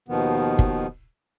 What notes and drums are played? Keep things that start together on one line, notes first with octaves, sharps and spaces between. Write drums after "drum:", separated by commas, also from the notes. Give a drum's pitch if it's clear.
D#2 B2 D#3 F3 B3
drum: kick